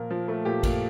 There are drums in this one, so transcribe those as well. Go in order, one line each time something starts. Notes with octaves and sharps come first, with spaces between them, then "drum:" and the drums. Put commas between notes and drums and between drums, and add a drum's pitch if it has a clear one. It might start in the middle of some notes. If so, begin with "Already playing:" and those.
Already playing: A#2 F3 A#4
F3
A3
A#2 G4
A#2, drum: kick A1, cymbal